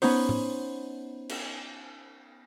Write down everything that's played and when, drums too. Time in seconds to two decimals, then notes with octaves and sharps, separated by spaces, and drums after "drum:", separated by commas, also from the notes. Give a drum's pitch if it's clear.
0.02 B3 C#4 D#4 C5, drum: open hi-hat
0.29 drum: tom A2
1.29 drum: cymbal